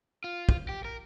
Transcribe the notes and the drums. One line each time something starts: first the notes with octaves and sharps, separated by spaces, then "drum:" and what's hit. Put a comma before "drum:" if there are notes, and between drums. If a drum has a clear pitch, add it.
F4
drum: kick
G4
A#4